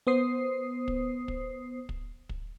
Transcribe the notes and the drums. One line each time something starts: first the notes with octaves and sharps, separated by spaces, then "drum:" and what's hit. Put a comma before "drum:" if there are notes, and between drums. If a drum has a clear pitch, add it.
B3 C5 D#6 C7
drum: kick
drum: kick
drum: kick
drum: kick